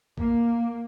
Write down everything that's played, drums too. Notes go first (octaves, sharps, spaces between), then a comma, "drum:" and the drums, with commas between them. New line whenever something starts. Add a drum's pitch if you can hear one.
A#3, drum: kick A#1